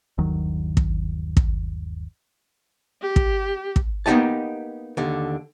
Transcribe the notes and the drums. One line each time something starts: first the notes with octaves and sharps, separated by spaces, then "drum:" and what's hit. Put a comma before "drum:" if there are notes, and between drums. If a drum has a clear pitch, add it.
G1 D#2 D#3 F#3
drum: kick
drum: kick
G4
drum: kick
drum: kick
A#3 B3 D#4 G4 D#5 A5
D#2 D3